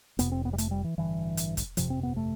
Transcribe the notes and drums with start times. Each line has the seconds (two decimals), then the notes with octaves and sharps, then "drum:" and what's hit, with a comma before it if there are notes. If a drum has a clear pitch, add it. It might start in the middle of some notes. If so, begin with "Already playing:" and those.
0.19 F1 F2 C3 B3, drum: hi-hat
0.32 C4
0.45 B3
0.53 G3
0.58 A3, drum: hi-hat
0.71 G3
0.84 E3
0.98 A1 G2 D3 E3
1.37 drum: hi-hat
1.57 drum: kick, hi-hat
1.77 G1 F2 C3 F3, drum: hi-hat
1.90 C4
2.03 B3
2.16 A3